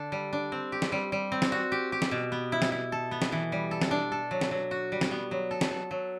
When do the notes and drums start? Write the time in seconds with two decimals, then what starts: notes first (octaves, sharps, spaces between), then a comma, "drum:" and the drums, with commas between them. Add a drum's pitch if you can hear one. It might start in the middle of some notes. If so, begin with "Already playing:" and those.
Already playing: D3 D4 A4
0.12 G3
0.33 D4
0.52 C4
0.72 G4
0.82 drum: snare
0.92 G3
1.12 G3
1.32 C4
1.42 drum: snare
1.52 F#4
1.72 G4
1.92 G4
2.02 drum: snare
2.11 B2
2.32 B3
2.52 E4
2.62 drum: snare
2.72 E4
2.92 A4
3.11 B3
3.22 drum: snare
3.32 E3
3.52 G3
3.71 A4
3.82 drum: snare
3.91 D4
4.12 A4
4.31 F#3
4.41 drum: snare
4.51 F#3
4.71 F#4
4.92 G3
5.01 drum: snare
5.11 B3
5.31 F#3
5.51 A4
5.61 drum: snare
5.71 A4
5.91 F#3